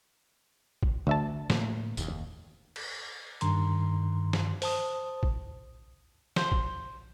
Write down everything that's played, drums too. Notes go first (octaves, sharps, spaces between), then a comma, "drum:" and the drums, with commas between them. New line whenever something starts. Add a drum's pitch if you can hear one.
drum: kick A1
D2 D3 E5 A5
A2 A3 A#3, drum: snare
F1 D#2, drum: tambourine
drum: cymbal
G2 D#3 A#5 C6, drum: hi-hat
drum: snare
C5 A5 D#6, drum: open hi-hat
drum: kick A1
C5, drum: snare
drum: kick A1